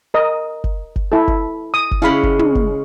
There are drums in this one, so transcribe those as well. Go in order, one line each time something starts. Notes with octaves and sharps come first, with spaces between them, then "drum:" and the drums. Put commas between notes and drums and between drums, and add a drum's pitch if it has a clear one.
A#4 D#5
drum: kick F#1
drum: kick F#1
E4 A4
drum: kick F#1
D#6
drum: kick F#1
C#3 G#3 C#4 E4 F5 B5
drum: kick F#1
drum: tom
drum: kick F#1